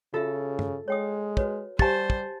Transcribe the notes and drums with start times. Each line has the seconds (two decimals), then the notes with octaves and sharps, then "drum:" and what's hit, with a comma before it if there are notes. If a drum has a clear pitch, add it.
0.14 C#3 F4 F#4 A4 E5
0.59 drum: tom G2
0.88 G#3 C#5 G5 D#6
1.37 F#4 B4 C#5, drum: kick
1.79 G3 G4 C5 F5 G#5 A5 A6, drum: kick
2.10 drum: kick